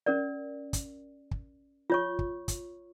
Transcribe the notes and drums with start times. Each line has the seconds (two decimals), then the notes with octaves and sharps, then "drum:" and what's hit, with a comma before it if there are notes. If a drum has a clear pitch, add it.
0.06 C#4 A#4 D5
0.73 drum: kick, hi-hat
1.31 drum: kick
1.90 F4 C#5 C#6
2.19 drum: kick
2.48 drum: kick, hi-hat